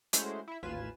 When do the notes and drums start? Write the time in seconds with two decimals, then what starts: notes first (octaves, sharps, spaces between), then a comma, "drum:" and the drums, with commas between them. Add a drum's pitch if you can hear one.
0.13 G#3 A3 C#4 E4 F#4 C5, drum: hi-hat
0.48 E4 E5
0.63 A1 D#2 F4 B4 G#5 E7